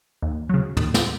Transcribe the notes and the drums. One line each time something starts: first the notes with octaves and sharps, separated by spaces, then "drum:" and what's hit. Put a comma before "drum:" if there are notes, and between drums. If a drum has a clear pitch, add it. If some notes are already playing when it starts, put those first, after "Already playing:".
D#2
C#3 F#3
D#2, drum: tom
drum: snare